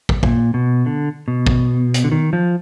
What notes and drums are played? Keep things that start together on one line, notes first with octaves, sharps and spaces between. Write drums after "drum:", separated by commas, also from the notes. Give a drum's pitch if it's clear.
drum: kick
A#2, drum: kick
B2
D3
B2
drum: kick
drum: hi-hat
D3
D#3
F3